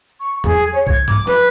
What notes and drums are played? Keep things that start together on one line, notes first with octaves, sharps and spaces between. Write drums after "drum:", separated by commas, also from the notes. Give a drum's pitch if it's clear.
C#6
G#4, drum: tom E2
C#5
G#6, drum: kick B1
D6, drum: tom G2
B4, drum: snare